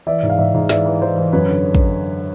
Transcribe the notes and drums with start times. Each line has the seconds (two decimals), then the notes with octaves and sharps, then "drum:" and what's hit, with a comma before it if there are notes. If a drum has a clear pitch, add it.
0.07 E3 D5 E5
0.23 G#2
0.30 F5
0.38 G#2 D5 E5
0.54 G#2
0.69 E3 D5 E5, drum: snare
0.86 E3
1.01 E3 C5 D5
1.17 E3
1.32 F#2 B4 C#5
1.49 D3
1.75 drum: kick